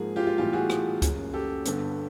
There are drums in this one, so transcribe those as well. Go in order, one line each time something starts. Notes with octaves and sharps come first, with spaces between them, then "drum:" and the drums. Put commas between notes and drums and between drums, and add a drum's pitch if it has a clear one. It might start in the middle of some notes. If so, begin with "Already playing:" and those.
Already playing: G#2 F3 A#3 G#4
F4 G4
F4
B1 A2 E3 G3 F4 G4
F#4 G#4
drum: rim click
F#1 F#2 C#3, drum: kick C#2, hi-hat
G4 A4
G1 G2 D3 G3 B3, drum: hi-hat